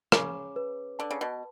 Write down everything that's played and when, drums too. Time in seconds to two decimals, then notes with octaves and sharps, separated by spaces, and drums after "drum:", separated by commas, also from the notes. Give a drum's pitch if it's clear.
0.12 C#3 D6, drum: rim click
0.56 B4
0.99 D3 A5
1.11 C#3
1.21 B2